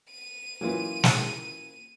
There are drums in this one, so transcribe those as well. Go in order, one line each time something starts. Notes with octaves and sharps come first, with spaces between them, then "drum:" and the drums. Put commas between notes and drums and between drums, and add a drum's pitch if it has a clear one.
D#7
E3 F#3 A#3 C#4 F4
drum: snare